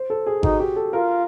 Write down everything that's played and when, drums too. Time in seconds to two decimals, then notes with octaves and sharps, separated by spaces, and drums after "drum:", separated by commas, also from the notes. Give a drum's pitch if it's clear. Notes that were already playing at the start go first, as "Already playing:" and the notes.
Already playing: C5
0.10 A4
0.26 G#4
0.43 D#4 F#4, drum: kick G#1
0.60 G4
0.76 A4
0.93 F4 A#4